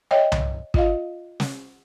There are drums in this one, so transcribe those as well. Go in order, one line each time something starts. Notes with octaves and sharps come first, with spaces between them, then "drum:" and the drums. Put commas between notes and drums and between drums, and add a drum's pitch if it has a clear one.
C#5 D#5 E5 G5
drum: tom C2
F4 D#5 F5, drum: kick
drum: snare